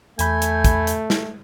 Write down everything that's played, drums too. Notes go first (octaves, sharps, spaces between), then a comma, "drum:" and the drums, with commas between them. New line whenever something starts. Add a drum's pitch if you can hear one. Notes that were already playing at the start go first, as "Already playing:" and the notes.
E2 A3 G#5 B5 G6, drum: hi-hat
drum: hi-hat
drum: kick, hi-hat
drum: hi-hat
drum: snare